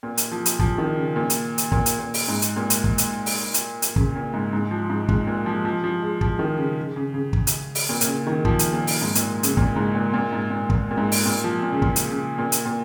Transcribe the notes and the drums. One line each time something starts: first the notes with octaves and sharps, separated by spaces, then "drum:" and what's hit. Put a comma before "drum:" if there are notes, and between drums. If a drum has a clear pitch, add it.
A#2
drum: hi-hat
F3
drum: hi-hat
F3, drum: kick
D#3
C#3
A#2
drum: hi-hat
drum: hi-hat
A#2, drum: kick
drum: hi-hat
A#2
drum: open hi-hat
G#2
drum: hi-hat
A#2
drum: hi-hat
drum: kick
drum: hi-hat
drum: open hi-hat
drum: hi-hat
drum: hi-hat
C#3, drum: kick
A#2
G#2
G#2
F3
G#2
G#2, drum: kick
A#2
F3
F3
F3
G#3
F3, drum: kick
D#3
C#3
C#3
C#3
drum: kick
drum: hi-hat
drum: open hi-hat
A#2
A#2, drum: hi-hat
C#3
D#3
F3, drum: kick
drum: hi-hat
A#2
drum: open hi-hat
G#2
A#2, drum: hi-hat
C#3, drum: hi-hat
A#2, drum: kick
G#2
A#2
A#2
G#2
A#2
A#2, drum: kick
A#2
G#2
drum: open hi-hat
A#2
F3
A#2
C#3
A#2, drum: kick
drum: hi-hat
C#3
A#2
drum: hi-hat
A#2